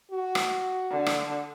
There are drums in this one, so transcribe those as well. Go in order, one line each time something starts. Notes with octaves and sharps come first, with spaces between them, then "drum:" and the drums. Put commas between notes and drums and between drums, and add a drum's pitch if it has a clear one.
F#4
drum: rim click
D3
drum: rim click